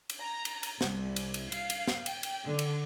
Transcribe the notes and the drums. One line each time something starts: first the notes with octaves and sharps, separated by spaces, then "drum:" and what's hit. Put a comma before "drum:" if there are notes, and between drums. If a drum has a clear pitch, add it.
drum: cymbal
A#5
drum: cymbal
drum: cymbal
C2, drum: snare
drum: cymbal
drum: cymbal
F5, drum: cymbal
drum: cymbal
drum: snare
G5, drum: cymbal
drum: cymbal
D3
drum: cymbal